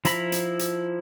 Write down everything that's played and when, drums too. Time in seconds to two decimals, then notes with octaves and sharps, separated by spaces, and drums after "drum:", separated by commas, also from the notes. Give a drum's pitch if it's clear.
0.05 F3 E4 A#5 B5, drum: hi-hat
0.32 drum: hi-hat
0.59 drum: hi-hat